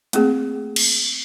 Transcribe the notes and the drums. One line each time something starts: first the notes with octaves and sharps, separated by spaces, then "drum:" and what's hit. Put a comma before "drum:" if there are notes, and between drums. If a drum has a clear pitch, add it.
A3 A#3 C4 G#4, drum: hi-hat
drum: cymbal